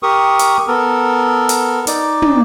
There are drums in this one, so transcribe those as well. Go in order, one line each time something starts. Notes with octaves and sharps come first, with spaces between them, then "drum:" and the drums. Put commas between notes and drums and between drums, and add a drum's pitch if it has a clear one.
G4 A#4 C#6 D#6
drum: hi-hat
B3 A4 A#4
drum: hi-hat
D#4 D5, drum: hi-hat
drum: tom